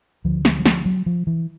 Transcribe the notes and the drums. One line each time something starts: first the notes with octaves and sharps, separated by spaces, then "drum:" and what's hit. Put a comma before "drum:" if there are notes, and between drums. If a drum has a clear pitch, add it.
D2 D3 F3
F3, drum: snare
F#3
F3, drum: snare
F#3
F3
E3